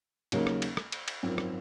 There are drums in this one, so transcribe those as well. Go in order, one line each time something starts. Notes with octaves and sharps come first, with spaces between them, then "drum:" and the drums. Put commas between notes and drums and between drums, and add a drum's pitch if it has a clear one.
D#2 C#3 F#3 A#3 D#4, drum: cymbal
drum: rim click
drum: cymbal
drum: rim click
drum: cymbal
drum: cymbal
G#1 F#2 F3 C4
drum: rim click